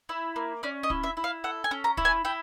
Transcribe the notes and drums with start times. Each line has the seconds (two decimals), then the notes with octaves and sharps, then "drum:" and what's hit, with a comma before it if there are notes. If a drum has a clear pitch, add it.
0.09 E4
0.36 A#3
0.63 C#4 D5
0.83 D#5
0.90 E4, drum: kick
1.03 E5
1.17 E4
1.24 F5
1.44 A4 F#5
1.64 G#5
1.71 C#4
1.84 A#5
1.97 E4, drum: kick
2.05 G#5
2.25 E4 G5